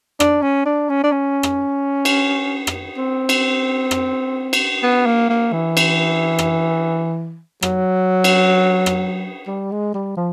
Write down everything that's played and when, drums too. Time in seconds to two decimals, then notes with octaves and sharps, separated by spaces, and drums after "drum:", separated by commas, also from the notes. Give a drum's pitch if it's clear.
0.20 D4, drum: rim click
0.42 C#4
0.66 D4
0.90 C#4
1.04 D4
1.12 C#4
1.43 drum: rim click
2.05 drum: cymbal
2.67 drum: rim click
2.97 C4
3.29 drum: cymbal
3.91 drum: rim click
4.53 drum: cymbal
4.83 B3
5.06 A#3
5.30 A#3
5.53 E3
5.77 drum: cymbal
6.39 drum: rim click
7.63 F#3, drum: rim click
8.24 drum: cymbal
8.86 drum: rim click
9.48 G3
9.72 G#3
9.94 G3
10.17 F3